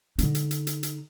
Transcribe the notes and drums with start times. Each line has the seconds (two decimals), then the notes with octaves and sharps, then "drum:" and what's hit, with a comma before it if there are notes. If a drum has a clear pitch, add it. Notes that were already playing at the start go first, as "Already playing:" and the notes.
0.19 D3 D#4, drum: hi-hat
0.35 drum: hi-hat
0.51 drum: hi-hat
0.67 drum: hi-hat
0.83 drum: hi-hat